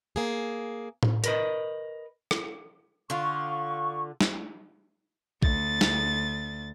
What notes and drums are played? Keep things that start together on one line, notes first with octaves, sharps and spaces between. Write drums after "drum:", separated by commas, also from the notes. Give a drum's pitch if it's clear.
A#3 G#4
drum: tom A2
A#4 B4 D#5, drum: hi-hat
drum: rim click
D3 F4 C#6
drum: snare
D2 A6, drum: kick A#1
drum: snare